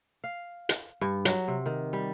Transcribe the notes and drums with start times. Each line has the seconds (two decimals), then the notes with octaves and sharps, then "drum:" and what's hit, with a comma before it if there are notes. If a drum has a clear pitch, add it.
0.24 F5
0.69 drum: hi-hat
1.01 G2
1.25 F#3, drum: hi-hat
1.48 C3
1.66 D#3
1.93 G3